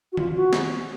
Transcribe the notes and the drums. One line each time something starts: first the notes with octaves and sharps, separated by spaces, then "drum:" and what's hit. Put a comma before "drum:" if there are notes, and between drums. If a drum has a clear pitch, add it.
F#4
F4, drum: tom D#3
F#4
drum: snare